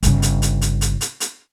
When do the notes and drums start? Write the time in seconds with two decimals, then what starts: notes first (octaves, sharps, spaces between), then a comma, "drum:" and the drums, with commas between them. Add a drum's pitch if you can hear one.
0.03 G1 C#3, drum: hi-hat
0.22 drum: hi-hat
0.42 drum: hi-hat
0.62 drum: hi-hat
0.81 drum: hi-hat
1.01 drum: hi-hat
1.20 drum: hi-hat